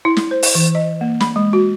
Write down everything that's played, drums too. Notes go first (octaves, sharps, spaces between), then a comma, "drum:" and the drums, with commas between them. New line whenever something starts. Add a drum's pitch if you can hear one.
E4
drum: snare
C5
drum: open hi-hat
E3
D#5
A#3
B5, drum: snare
G#3
F#4